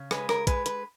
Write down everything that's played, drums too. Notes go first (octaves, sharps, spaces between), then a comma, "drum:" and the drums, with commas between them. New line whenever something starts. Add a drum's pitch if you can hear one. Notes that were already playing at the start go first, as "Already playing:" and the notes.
Already playing: C#3
G#3 B4, drum: rim click
A#4, drum: rim click
G#3 B4, drum: kick A#1, hi-hat
B4, drum: hi-hat